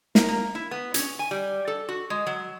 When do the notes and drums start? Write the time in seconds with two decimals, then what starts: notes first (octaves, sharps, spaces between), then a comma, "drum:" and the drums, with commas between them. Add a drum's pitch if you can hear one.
0.15 A#4, drum: snare
0.29 A#3
0.55 E4
0.71 B3
0.94 C#4, drum: hi-hat
1.19 G#5
1.31 G3
1.68 A4
1.89 F#4
2.10 G#3
2.27 F#3